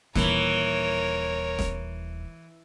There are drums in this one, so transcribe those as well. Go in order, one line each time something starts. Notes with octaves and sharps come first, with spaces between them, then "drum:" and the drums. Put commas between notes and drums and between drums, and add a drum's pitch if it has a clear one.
D#1 E3 A#4 C#5, drum: snare
drum: snare